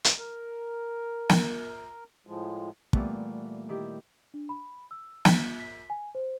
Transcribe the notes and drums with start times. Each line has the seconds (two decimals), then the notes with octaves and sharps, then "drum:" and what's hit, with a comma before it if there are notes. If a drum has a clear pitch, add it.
0.04 drum: hi-hat
0.18 A#4
1.29 drum: snare
2.27 A2 F3 G#3
2.93 A#2 E3 G3 A3 B3, drum: kick
3.69 D#3 E4 G4
4.34 D4
4.49 B5
4.91 E6
5.25 B6, drum: snare
5.60 B6
5.90 G#5
6.15 C5